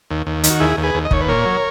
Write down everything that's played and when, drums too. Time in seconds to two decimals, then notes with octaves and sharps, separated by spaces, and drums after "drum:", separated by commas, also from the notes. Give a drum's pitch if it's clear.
0.10 D#2
0.27 D#2
0.43 D#3, drum: hi-hat
0.50 F#4
0.60 D#2 E4 G#4
0.77 D#2
0.83 G#4 B4
0.95 D#2
1.05 D#5
1.11 D#2 C#5, drum: kick
1.21 B4
1.28 A#2 A#4 C#5
1.45 F#3